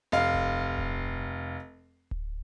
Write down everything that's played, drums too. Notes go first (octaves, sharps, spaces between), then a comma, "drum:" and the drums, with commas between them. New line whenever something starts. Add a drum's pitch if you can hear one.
F1 F5
drum: kick D1
drum: kick D1
drum: kick D1